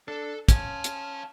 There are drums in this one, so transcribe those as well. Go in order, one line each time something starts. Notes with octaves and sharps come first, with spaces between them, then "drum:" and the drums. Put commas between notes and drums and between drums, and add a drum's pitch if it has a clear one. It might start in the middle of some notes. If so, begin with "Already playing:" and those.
D4 A4
C#4 F5 A5, drum: kick, hi-hat
drum: hi-hat